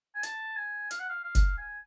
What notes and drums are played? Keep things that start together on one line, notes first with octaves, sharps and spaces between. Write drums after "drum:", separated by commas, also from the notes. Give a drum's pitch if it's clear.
G#5
A5, drum: hi-hat
G#5
F5, drum: hi-hat
F#5
F5
F5
drum: kick F#1, hi-hat
G#5